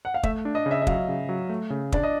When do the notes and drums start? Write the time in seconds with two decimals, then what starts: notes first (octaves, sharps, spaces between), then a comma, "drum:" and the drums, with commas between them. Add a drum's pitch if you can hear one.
0.05 F#5
0.14 F5
0.23 A3 E5, drum: kick
0.45 D4
0.55 D#5
0.66 C#3
0.71 E5
0.82 E5
0.87 F#3 F5, drum: kick
1.08 C#3
1.29 F#3
1.49 A3
1.70 C#3
1.92 D4 D5, drum: kick
2.03 D#5